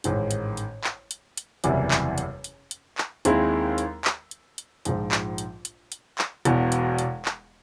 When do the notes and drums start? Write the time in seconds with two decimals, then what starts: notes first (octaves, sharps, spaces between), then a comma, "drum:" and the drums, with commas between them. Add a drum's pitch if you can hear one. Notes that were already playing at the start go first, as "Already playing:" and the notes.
0.04 A1 G#2 D#3, drum: hi-hat
0.31 drum: hi-hat
0.57 drum: hi-hat
0.84 drum: clap
1.11 drum: hi-hat
1.37 drum: hi-hat
1.64 F#1 E2 C3 E3 G3, drum: hi-hat
1.91 drum: clap
2.18 drum: hi-hat
2.44 drum: hi-hat
2.71 drum: hi-hat
2.98 drum: clap
3.25 D#2 D#3 G#3 C4 E4, drum: hi-hat
3.78 drum: hi-hat
4.05 drum: clap
4.31 drum: hi-hat
4.58 drum: hi-hat
4.85 A#1 G#2 F3, drum: hi-hat
5.11 drum: clap
5.38 drum: hi-hat
5.65 drum: hi-hat
5.92 drum: hi-hat
6.18 drum: clap
6.45 E1 E2 B2, drum: hi-hat
6.72 drum: hi-hat
6.99 drum: hi-hat
7.25 drum: clap